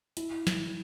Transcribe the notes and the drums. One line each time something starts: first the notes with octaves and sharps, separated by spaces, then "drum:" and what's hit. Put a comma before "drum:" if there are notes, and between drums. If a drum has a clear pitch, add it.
E4, drum: hi-hat
drum: snare